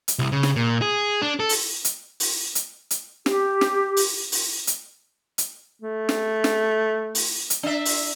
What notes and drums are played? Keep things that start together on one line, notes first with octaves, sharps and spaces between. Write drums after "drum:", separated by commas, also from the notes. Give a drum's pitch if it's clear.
drum: hi-hat
C2
C#3
drum: snare
A#2
G#4
D4
A4
drum: open hi-hat
drum: hi-hat
drum: open hi-hat
drum: hi-hat
drum: hi-hat
G4, drum: snare
drum: snare
drum: open hi-hat
drum: open hi-hat
drum: hi-hat
drum: hi-hat
A3
drum: snare
drum: snare
drum: open hi-hat
drum: hi-hat
D4 E5
drum: open hi-hat